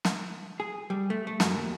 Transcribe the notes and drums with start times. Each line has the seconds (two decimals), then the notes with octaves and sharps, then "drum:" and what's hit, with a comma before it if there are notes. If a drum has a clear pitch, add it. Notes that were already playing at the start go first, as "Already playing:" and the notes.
0.05 drum: snare
0.60 G#4
0.90 G3
1.10 A3
1.27 A3
1.40 F#2, drum: snare
1.57 D#2